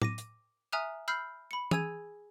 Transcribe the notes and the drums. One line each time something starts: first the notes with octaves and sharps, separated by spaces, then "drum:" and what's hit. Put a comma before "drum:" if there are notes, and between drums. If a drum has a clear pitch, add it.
D6 A#6 D#7, drum: tom
drum: hi-hat
E5 G#5 A#5 D#6 F6 F#6
B5 E6 F6 G6 C7
B5 C#7
G#4 G#5 E6 G#6 D#7, drum: tom E3